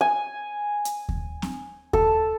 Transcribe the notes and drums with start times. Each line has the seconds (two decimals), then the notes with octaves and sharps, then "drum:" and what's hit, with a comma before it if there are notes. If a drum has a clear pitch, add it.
0.01 G#5
0.85 drum: hi-hat
1.09 drum: kick D#2
1.42 drum: snare C4
1.93 A4, drum: kick D#2